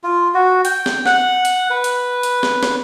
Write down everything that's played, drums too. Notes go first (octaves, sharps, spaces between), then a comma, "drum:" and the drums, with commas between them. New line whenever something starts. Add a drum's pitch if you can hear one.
F4
F#4
G5, drum: hi-hat
drum: snare
F#5, drum: snare
drum: hi-hat
B4
drum: hi-hat
drum: hi-hat
drum: snare
drum: snare